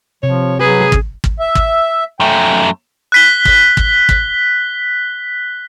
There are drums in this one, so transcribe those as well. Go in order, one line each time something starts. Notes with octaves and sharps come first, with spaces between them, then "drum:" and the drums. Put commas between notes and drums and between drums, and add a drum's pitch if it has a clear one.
C3 F3 C#5
F#3 G#4 B4
drum: kick
drum: kick
E5
drum: kick
F#2 A3 G5
F#6 B6 G7
drum: kick
drum: kick
drum: kick